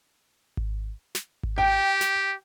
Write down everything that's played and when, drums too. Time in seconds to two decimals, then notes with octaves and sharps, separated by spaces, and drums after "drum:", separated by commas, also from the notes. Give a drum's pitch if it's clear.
0.57 drum: kick G#1
1.15 drum: snare
1.43 drum: kick G#1
1.58 G4 G5
2.01 drum: snare